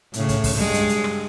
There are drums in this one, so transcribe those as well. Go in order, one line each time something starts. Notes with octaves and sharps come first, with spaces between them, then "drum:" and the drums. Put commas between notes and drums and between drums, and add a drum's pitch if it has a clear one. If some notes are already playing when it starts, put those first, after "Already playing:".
A2 C#3, drum: hi-hat
drum: kick, hi-hat
drum: kick, open hi-hat
G2 G#3
drum: hi-hat
drum: hi-hat
drum: rim click